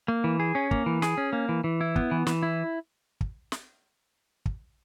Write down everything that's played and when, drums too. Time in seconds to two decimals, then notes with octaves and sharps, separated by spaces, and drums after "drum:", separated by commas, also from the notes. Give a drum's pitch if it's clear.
0.08 A#3
0.24 E3
0.40 G#4
0.55 C#4
0.71 A#3, drum: kick
0.86 E3
1.02 G#4, drum: snare
1.18 C#4
1.33 A#3
1.49 E3
1.64 E3
1.81 E4
1.96 B3, drum: kick
2.11 E3
2.27 E3, drum: snare
2.43 E4
3.21 drum: kick
3.52 drum: snare
4.46 drum: kick